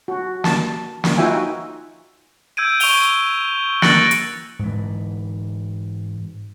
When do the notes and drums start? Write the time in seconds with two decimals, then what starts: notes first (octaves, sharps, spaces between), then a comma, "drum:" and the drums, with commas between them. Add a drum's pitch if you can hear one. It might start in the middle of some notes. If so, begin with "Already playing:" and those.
0.08 F#4
0.44 A5, drum: snare
1.04 drum: snare
1.18 D#4 F4 F#4 E5 G5 G#5
2.57 E6 G6 G#6 D7 D#7
2.80 C#6 F7 G7, drum: open hi-hat
3.82 F#6 A6 A#6 C#7 D7 F#7, drum: snare
4.11 drum: hi-hat
4.59 G#2 E3